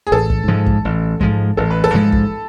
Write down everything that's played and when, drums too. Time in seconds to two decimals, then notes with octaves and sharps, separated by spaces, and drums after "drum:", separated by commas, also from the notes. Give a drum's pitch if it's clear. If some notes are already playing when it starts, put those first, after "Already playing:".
0.07 G#4
0.12 A1 A4
0.30 drum: kick
0.48 G#2 F3 G#3
0.66 drum: kick
0.85 A1
1.21 G#2 F3 G#3, drum: kick
1.57 A1 A4
1.70 B4
1.84 A4
1.94 G#2 F3 G#3
2.12 drum: kick